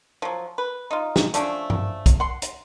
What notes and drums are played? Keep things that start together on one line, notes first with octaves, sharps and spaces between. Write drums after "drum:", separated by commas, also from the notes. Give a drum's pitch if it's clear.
F3 F#3
B4
D#4 F4
drum: snare
F3 A3 C#4 D4, drum: hi-hat
drum: tom G2
drum: kick, hi-hat
F#5 C6
drum: hi-hat